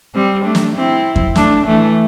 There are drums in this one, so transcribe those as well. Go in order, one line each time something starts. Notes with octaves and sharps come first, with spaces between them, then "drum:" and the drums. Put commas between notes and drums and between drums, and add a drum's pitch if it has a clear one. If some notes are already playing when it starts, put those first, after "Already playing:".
G3 C4
A3 D4
drum: snare
C4 E4
drum: kick F2
A3 D4, drum: snare
E3 A3